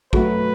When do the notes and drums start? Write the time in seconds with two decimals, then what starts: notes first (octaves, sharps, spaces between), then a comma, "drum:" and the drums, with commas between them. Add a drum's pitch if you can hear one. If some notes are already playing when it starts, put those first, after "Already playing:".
0.13 F#3 A3 F#4 B4, drum: kick